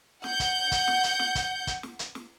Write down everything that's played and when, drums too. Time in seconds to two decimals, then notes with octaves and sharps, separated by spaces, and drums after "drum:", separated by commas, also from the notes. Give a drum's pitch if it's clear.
0.24 F#5 G6, drum: snare
0.40 drum: kick, hi-hat
0.72 drum: kick, hi-hat
0.88 drum: snare
1.04 drum: hi-hat
1.19 drum: snare
1.35 drum: kick, hi-hat
1.67 drum: kick, hi-hat
1.83 drum: snare
1.99 drum: hi-hat
2.15 drum: snare